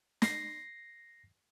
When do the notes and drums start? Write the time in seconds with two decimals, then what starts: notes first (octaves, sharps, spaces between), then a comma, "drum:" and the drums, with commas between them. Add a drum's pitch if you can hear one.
0.22 A#6 C7, drum: snare